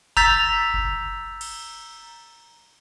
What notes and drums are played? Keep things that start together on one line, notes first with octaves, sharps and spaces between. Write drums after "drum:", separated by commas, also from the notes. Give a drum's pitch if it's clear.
A#5 E6 G6 A6 B6, drum: kick F#1
drum: kick F#1
drum: cymbal